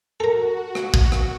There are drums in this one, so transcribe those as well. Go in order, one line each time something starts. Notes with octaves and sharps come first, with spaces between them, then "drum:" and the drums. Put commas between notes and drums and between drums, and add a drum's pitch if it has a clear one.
F#4 A4 A#4
drum: rim click
drum: kick
drum: rim click